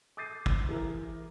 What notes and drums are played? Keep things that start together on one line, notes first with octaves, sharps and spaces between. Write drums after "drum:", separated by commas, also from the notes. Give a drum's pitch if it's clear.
D6 D#6 G6 A6 C7 D#7
drum: kick
E3 G#4 A#4 E5